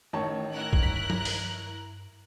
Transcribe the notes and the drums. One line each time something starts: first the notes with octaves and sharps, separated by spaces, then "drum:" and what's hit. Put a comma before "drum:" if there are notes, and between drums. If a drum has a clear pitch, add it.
A1 D#3 C#5 A5
E4 A#4 F#6
drum: kick
G2 B6
drum: tom F3
drum: open hi-hat